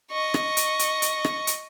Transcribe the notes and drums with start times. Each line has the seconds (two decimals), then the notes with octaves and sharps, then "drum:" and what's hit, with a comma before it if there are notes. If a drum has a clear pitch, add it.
0.11 D#5 C#6
0.34 drum: rim click
0.57 drum: hi-hat
0.79 drum: hi-hat
1.02 drum: hi-hat
1.24 drum: rim click
1.47 drum: hi-hat